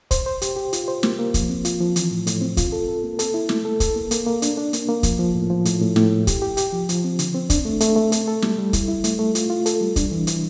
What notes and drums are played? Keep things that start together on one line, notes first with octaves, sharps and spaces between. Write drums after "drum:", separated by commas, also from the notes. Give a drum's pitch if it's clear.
C5, drum: kick, hi-hat
C5
G4, drum: hi-hat
G4
F4, drum: hi-hat
C5
A#3, drum: snare
A#3
F3, drum: kick, hi-hat
C4
F4, drum: hi-hat
F3
E3, drum: hi-hat
A2
A2, drum: hi-hat
C4
F4, drum: kick, hi-hat
A4
A4
A#3
A4, drum: hi-hat
E4
A3, drum: snare
A4
A4, drum: kick, hi-hat
A#3
A#3, drum: hi-hat
A#3
D4, drum: hi-hat
D4
A#3, drum: hi-hat
A#3
F3, drum: kick, hi-hat
F3
A2
F3
A2, drum: hi-hat
A2
A2, drum: snare
A#3
G4, drum: kick, hi-hat
G4
G4, drum: hi-hat
F3
F3, drum: hi-hat
C4
D3, drum: hi-hat
C4
D4, drum: kick, hi-hat
A3
A3, drum: hi-hat
A3
A4, drum: hi-hat
A4
G3, drum: snare
G3
E4, drum: kick, hi-hat
E4
A3, drum: hi-hat
A3
F4, drum: hi-hat
F4
A4, drum: hi-hat
G3
D4, drum: kick, hi-hat
E3
E3, drum: hi-hat